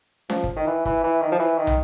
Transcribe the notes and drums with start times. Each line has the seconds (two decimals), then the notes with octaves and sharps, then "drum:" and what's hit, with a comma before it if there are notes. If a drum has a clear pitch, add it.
0.30 F3, drum: snare C#4
0.44 drum: kick
0.56 D#3
0.66 E3
0.85 E3, drum: kick
1.03 E3
1.22 D#3
1.32 F3
1.39 E3
1.58 D#3
1.67 drum: tom